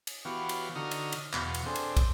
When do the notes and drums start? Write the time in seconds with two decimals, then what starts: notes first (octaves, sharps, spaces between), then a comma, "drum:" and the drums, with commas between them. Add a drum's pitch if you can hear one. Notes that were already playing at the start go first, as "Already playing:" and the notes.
0.07 drum: cymbal
0.25 E3 B3 F#4 G4 F5
0.49 drum: cymbal
0.76 D3 D#4 F#4 D#6 F6
0.91 drum: cymbal
1.12 drum: cymbal
1.33 E2 B2 F5 F#5, drum: clap
1.54 drum: cymbal
1.66 C4 D4 G#4 A4 C5
1.76 drum: cymbal
1.97 drum: kick, cymbal